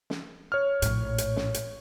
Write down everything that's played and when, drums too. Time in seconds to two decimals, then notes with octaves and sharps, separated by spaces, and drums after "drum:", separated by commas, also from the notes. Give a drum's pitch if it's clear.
0.10 drum: snare
0.52 C#5 F6
0.82 A#1 A2, drum: hi-hat
1.18 drum: hi-hat
1.36 drum: snare
1.54 drum: hi-hat